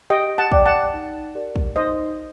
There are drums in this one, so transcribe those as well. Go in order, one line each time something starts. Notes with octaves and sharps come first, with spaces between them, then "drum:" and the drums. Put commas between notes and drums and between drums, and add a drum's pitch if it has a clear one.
G4 D#5 G5
F#5 A5
D5 G5 D6, drum: kick
F#5 A5
D#4
G4 A#4 D5
drum: kick
D#4 C5 D#5